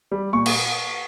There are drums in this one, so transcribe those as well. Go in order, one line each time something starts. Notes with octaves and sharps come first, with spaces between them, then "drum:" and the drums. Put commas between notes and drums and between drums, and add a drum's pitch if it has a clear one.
G3
A#2 C#6
drum: cymbal